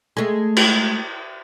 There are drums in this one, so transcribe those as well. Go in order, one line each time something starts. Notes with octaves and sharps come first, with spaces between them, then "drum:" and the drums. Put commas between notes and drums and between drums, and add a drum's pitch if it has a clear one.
G#3 A3
drum: cymbal